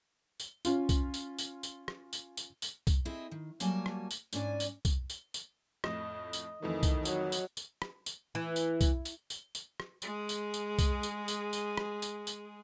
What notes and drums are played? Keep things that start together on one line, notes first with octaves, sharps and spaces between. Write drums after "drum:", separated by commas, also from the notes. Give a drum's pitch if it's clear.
drum: tambourine
C#4 F4, drum: tambourine
drum: kick, tambourine
drum: tambourine
drum: tambourine
drum: tambourine
drum: rim click
drum: tambourine
drum: tambourine
drum: tambourine
drum: kick, tambourine
C4 E4 G#4 D#5 E5
D#3
F#3 G3 A#3 F#4 G#5 A5, drum: tambourine
drum: rim click
drum: tambourine
G#2 C#4 D4 D5 G#5, drum: tambourine
drum: tambourine
drum: kick, tambourine
drum: tambourine
drum: tambourine
F2 A2 D#5 E7, drum: rim click
drum: tambourine
F2 D#3 E3 A3
drum: kick, tambourine
F#3, drum: tambourine
drum: tambourine
drum: tambourine
drum: rim click
drum: tambourine
E3
drum: tambourine
drum: kick, tambourine
drum: tambourine
drum: tambourine
drum: tambourine
drum: rim click
G#3 G#4, drum: tambourine
drum: tambourine
drum: tambourine
drum: kick, tambourine
drum: tambourine
drum: tambourine
drum: tambourine
drum: rim click
drum: tambourine
drum: tambourine